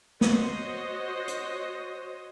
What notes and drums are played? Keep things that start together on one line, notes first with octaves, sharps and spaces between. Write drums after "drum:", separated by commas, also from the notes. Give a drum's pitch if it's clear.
F#4 C5 C#5 D#5, drum: snare
drum: hi-hat